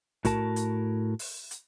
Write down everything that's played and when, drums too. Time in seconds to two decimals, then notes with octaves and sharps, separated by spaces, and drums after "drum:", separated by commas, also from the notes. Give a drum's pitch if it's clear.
0.25 A2 F#4 A#4 A5, drum: kick, hi-hat
0.56 drum: hi-hat
1.19 drum: open hi-hat
1.51 drum: hi-hat